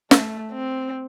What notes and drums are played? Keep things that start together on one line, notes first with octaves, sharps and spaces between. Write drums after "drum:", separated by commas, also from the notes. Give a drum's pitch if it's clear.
A3, drum: snare
C4